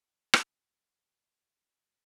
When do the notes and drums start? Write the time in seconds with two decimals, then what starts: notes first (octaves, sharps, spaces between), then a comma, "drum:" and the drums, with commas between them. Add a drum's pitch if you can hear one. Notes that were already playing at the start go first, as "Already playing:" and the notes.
Already playing: A2 F3
0.34 drum: rim click
0.53 B3
1.08 A3
1.17 G#2 E3 B3
1.81 C4